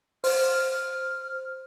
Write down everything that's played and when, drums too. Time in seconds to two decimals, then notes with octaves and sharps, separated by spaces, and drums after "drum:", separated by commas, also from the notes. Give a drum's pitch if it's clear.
0.24 C5 F6, drum: open hi-hat